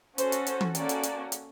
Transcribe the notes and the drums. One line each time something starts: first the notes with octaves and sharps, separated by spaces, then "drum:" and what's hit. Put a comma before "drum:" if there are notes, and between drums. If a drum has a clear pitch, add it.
C#4 F#4 A4 C5, drum: hi-hat
drum: hi-hat
C5, drum: hi-hat
drum: tom
A#3 C#4 F#4 A4 D5, drum: hi-hat
drum: hi-hat
drum: hi-hat
drum: hi-hat